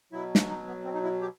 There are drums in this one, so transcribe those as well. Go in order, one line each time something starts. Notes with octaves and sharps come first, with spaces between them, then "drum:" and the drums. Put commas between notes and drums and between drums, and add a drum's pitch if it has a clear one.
B2 F#3 E4
drum: snare
D#4
B3
C4
D#4
E4
G4